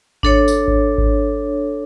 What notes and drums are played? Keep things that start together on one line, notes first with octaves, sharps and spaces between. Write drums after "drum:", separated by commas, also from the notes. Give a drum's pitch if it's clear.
D4 A4 C#5, drum: kick G#1
drum: tambourine
drum: kick G#1
drum: kick G#1